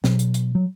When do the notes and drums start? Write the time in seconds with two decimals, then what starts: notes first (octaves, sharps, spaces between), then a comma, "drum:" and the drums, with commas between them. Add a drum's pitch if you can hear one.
0.04 B2 F#3, drum: snare
0.19 drum: hi-hat
0.34 drum: hi-hat
0.55 F#3